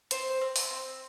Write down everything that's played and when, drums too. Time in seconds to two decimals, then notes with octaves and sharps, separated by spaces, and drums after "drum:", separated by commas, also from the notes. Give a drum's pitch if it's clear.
0.11 C4 C5, drum: hi-hat
0.41 C4
0.56 drum: open hi-hat
0.71 C4